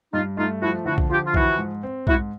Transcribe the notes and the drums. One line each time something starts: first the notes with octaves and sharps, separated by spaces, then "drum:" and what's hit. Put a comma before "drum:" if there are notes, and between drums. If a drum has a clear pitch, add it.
G2 D#4 F4
A3 D#4 F4
F3 E4 F#4
D3 E4 F#4
drum: kick B1
F3 F4 G4
F4
E3 E4 F#4, drum: kick B1
G#2
C4
G#2 E4 F#4, drum: kick B1